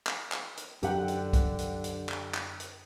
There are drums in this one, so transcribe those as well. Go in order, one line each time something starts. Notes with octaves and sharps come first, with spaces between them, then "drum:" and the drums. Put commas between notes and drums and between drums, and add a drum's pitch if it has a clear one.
drum: clap
drum: clap
drum: hi-hat
F#2 D3 F#3 G4 F#5 G5, drum: hi-hat
drum: hi-hat
drum: kick, hi-hat
drum: hi-hat
drum: hi-hat
drum: clap
drum: clap
drum: hi-hat